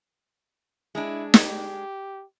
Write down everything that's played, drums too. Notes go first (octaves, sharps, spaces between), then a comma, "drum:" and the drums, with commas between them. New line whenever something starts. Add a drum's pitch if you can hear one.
G#3 D4 E4
G4, drum: snare